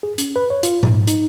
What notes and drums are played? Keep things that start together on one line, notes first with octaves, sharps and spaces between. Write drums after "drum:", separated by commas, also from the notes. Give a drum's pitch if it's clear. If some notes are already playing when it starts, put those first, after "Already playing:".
G#4
C#4, drum: hi-hat
B4
C#5
F4, drum: hi-hat
G#2, drum: tom A#2
D#4, drum: hi-hat